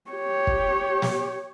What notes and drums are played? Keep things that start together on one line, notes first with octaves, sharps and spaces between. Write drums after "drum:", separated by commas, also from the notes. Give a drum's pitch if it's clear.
G4 C#5
drum: kick
drum: snare